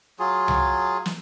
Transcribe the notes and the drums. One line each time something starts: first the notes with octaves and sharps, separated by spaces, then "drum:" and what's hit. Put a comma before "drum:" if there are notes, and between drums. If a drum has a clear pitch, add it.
F#3 F4 G#4
drum: tom C2
drum: snare